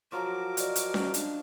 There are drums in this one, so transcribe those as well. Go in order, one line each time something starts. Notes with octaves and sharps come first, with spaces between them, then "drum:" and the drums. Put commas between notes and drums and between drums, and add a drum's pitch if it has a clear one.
F3 F#3 F#4 A#4 A#5 D6
C5 D5 D#5, drum: hi-hat
drum: hi-hat
drum: snare C#4
D4, drum: hi-hat